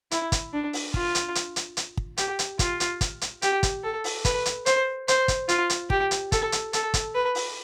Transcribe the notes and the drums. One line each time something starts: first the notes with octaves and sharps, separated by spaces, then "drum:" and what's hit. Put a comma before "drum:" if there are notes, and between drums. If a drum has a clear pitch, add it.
E4, drum: hi-hat
drum: kick, hi-hat
D4
drum: open hi-hat
F4, drum: kick
drum: hi-hat
drum: hi-hat
drum: hi-hat
drum: hi-hat
drum: kick
G4, drum: hi-hat
drum: hi-hat
F4, drum: kick, hi-hat
drum: hi-hat
drum: kick, hi-hat
drum: hi-hat
G4, drum: hi-hat
drum: kick, hi-hat
A4
drum: open hi-hat
B4, drum: kick, hi-hat
drum: hi-hat
C5, drum: hi-hat
C5, drum: hi-hat
drum: kick, hi-hat
F4, drum: hi-hat
drum: hi-hat
G4, drum: kick
drum: hi-hat
A4, drum: kick, hi-hat
drum: hi-hat
A4, drum: hi-hat
drum: kick, hi-hat
B4
drum: open hi-hat